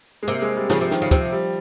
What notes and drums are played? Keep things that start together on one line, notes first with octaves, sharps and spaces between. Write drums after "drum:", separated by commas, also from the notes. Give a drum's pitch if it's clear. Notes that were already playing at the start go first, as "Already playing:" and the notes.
G#3
C3 A#3, drum: hi-hat
G#3
G3
C#3 F3, drum: snare
C3
D#3, drum: snare
C#3
C3 F3, drum: kick, hi-hat
G3